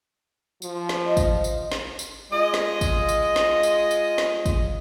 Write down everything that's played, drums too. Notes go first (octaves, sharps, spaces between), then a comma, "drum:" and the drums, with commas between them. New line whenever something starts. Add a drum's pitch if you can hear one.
F3, drum: tambourine
drum: snare
D#5
drum: kick, tambourine
drum: tambourine
drum: snare
drum: tambourine
G#3 F4 D#5
drum: snare
drum: kick, tambourine
drum: tambourine
drum: snare
drum: tambourine
drum: tambourine
drum: snare
drum: kick, tambourine